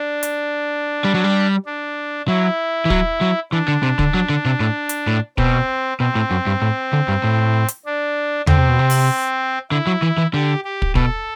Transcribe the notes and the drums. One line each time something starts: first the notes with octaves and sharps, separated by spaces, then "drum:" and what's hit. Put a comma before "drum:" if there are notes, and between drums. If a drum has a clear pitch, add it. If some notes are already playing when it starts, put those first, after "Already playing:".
Already playing: D4
drum: hi-hat
G3
F#3
G3
D4
F#3 E4
E3
F#3, drum: kick
F#3
E3 D4
D3
C3
D3, drum: kick
F#3
D3
C3
A2
drum: hi-hat
A2
B2 C4, drum: kick
B2 C4
A2
F#2
G2
A2
D3
G2
A2
drum: hi-hat
D4
D3 C4, drum: tom E2
C3
B2
C3
drum: open hi-hat
D3 E4
F#3
E3
E3
D3 G4
G4
drum: kick
B2 A4, drum: kick